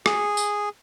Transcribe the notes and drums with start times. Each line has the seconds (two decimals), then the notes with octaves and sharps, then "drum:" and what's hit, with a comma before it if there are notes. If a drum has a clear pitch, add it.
0.06 G#4, drum: rim click
0.37 drum: tambourine